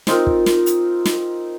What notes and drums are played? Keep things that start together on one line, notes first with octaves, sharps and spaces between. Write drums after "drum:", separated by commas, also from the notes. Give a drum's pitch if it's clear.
C4 D#4 F4 A#4, drum: snare
drum: kick
drum: snare
drum: hi-hat
drum: snare